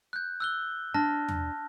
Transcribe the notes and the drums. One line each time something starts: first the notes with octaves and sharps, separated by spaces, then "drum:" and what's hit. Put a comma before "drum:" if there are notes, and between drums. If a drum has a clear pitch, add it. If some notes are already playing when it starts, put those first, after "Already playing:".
F#6 G6
E6 F#6 G7
D4 A5 F6 A#6
drum: tom